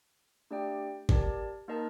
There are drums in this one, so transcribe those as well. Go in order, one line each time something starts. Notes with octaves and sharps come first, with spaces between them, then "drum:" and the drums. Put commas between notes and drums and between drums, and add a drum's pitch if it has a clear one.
A3 D4 G4 D5 G5
G4 A#4 D5 A5, drum: kick G1
A#3 D#4 A#4 D#5 A5